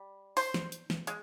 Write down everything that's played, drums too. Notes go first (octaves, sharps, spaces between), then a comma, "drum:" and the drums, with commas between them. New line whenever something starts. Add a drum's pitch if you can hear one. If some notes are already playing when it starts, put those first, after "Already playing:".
Already playing: G3
C5, drum: open hi-hat
drum: snare
drum: hi-hat
drum: snare
G#3, drum: hi-hat